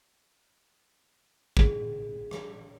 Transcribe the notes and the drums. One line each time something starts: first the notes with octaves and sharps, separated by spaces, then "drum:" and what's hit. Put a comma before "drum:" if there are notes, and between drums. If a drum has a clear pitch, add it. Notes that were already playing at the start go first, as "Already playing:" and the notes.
G#4, drum: kick
drum: rim click